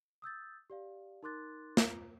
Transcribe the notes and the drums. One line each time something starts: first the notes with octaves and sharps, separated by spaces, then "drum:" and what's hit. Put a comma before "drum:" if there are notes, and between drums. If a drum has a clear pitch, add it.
D#6 E6 G6 A6
G4 D5 F5
D#4 A#4 C6 D6 F#6 A6
F4 A#5, drum: snare